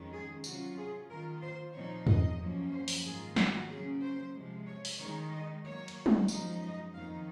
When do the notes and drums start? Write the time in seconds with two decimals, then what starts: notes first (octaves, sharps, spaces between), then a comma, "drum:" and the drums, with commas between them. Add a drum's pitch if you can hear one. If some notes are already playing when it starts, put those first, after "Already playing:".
Already playing: F2 D#3 G#3 C#4
0.11 G#4
0.44 C3 F#3 C#4 F4 F#4, drum: tambourine
0.77 G#4
1.09 D#3 A#3 F4 A#4
1.42 C5
1.74 A#2 F3 C4 D#4 C#5
2.07 D#5, drum: tom
2.39 F#2 F3 A#3 C#4
2.71 C5
2.88 drum: open hi-hat
3.04 G#2 D#3 A#3 F4 G#4
3.36 F#4, drum: snare
3.69 C#3 F#3 A#3 C#4 G#4
4.01 C5
4.34 C3 F3 G#3
4.67 C#5
4.85 drum: open hi-hat
4.98 D#3 G#3 D#4 C#5
5.32 D#5
5.63 D#3 F#3 A#3 C#5
5.88 drum: cymbal
6.06 drum: tom
6.28 F#2 F3 G#3 D#4, drum: tambourine
6.61 D#5
6.93 F2 D#3 A#3 D#4 F5